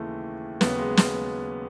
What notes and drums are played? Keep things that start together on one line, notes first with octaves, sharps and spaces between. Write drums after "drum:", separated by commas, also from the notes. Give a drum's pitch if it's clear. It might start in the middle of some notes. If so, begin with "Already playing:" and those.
Already playing: D#2 C#3 E3 G#3 A3
D#2 C#3 F#3 B3, drum: snare
G#3
drum: snare